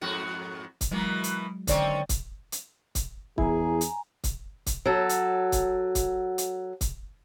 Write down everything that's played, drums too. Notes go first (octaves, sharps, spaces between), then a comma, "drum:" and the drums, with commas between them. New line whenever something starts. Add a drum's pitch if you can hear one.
F2 G#2 F#4
drum: kick, hi-hat
B2 E3 F#3 G#3 A#3
drum: hi-hat
D3 D#3 C4 C#4 D5, drum: kick, hi-hat
drum: kick, hi-hat
drum: hi-hat
drum: kick, hi-hat
E2 E4 G#4 G#5 A#5, drum: kick
drum: hi-hat
drum: kick, hi-hat
drum: kick, hi-hat
F#3 A4
drum: hi-hat
drum: kick, hi-hat
drum: kick, hi-hat
drum: hi-hat
drum: kick, hi-hat